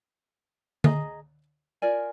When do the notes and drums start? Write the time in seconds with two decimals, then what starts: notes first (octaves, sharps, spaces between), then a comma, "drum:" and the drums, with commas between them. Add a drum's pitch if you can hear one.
0.84 G#4 D#5 A#5, drum: tom D3
1.82 F4 A#4 D5 G#5